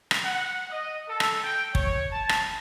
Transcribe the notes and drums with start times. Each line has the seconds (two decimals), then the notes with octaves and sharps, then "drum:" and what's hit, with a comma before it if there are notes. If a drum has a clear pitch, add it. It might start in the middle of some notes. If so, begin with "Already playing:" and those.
0.11 drum: rim click
0.25 F#5
0.71 D#5
1.08 A4
1.20 drum: rim click
1.44 G5
1.75 C#5, drum: kick
2.12 A5
2.29 drum: rim click